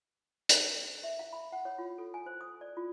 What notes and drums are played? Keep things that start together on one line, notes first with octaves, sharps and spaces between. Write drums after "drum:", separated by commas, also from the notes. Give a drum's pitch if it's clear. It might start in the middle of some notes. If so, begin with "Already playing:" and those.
drum: hi-hat
E5
F5
B5
F#5
C#5
F4
A4
G#5
C5
D#6
D5
F4